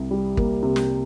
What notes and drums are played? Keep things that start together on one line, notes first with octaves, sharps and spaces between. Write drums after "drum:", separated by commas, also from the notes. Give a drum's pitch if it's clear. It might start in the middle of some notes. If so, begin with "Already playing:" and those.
Already playing: C2 C3
G3
A#3, drum: kick
C3
drum: snare